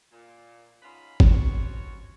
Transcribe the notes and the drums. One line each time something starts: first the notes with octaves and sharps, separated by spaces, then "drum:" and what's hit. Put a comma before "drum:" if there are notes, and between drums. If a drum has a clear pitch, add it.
A#2
G#2 C#4 F4 A#5 B5
F#2 B2 C4 F4 F#4 C#5, drum: kick G1